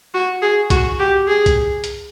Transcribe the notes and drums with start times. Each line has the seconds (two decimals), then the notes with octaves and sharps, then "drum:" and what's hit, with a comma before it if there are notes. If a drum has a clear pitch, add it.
0.14 F#4
0.42 G#4
0.70 F#4, drum: kick C2, hi-hat
0.99 G4
1.28 G#4
1.46 drum: kick C2, hi-hat
1.84 drum: hi-hat